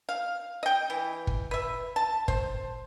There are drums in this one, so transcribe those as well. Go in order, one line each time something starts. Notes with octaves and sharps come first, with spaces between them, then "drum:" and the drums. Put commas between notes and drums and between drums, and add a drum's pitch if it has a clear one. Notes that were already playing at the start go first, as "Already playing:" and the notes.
F5
D#5 G5
E3
drum: kick
B4 E5
A5
C5, drum: kick